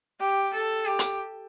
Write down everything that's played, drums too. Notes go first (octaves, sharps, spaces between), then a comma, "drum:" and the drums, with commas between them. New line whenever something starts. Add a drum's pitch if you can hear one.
G4
A4
G4
drum: hi-hat